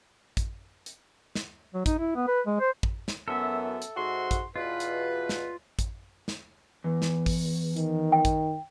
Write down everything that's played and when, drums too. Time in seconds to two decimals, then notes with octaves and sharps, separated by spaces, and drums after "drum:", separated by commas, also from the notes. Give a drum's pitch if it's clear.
0.37 drum: kick, hi-hat
0.86 drum: hi-hat
1.35 drum: snare
1.74 F#3
1.86 D#4, drum: kick, hi-hat
1.99 E4
2.16 B3
2.27 B4
2.46 G#3
2.60 C5
2.83 drum: kick
3.08 drum: snare
3.28 F#2 E3 B3 A4 E5
3.82 drum: hi-hat
3.97 G#2 F#4 C6
4.31 drum: kick, hi-hat
4.56 E2 B2 F4 B4
4.80 drum: hi-hat
5.29 drum: snare
5.79 drum: kick, hi-hat
6.28 drum: snare
6.84 E2
7.02 drum: snare
7.26 drum: kick, open hi-hat
7.77 D#3, drum: hi-hat
8.12 G5
8.25 drum: kick, hi-hat